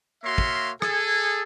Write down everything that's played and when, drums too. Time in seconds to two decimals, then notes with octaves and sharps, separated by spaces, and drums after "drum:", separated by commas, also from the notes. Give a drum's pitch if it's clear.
0.24 A#3 F#4 C#5 E5 F5 C6
0.38 drum: kick
0.82 G#4 A4 G#5, drum: rim click